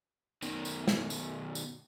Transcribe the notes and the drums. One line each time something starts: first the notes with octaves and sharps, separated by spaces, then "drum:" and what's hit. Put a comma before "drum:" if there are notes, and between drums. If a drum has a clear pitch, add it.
B2 D#3, drum: tambourine
drum: tambourine
drum: snare
drum: tambourine
drum: tambourine